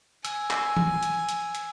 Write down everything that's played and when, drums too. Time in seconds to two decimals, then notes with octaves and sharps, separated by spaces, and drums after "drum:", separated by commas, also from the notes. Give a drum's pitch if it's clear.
0.25 G#5 E6, drum: hi-hat
0.51 drum: clap
0.77 drum: tom
1.03 drum: hi-hat
1.29 drum: hi-hat
1.55 drum: hi-hat